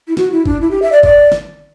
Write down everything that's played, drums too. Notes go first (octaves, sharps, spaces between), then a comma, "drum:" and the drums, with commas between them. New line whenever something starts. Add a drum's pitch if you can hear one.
E4
F#4, drum: snare
E4
D4, drum: kick G1
E4
G4
E5
D5
D5, drum: kick G1
drum: snare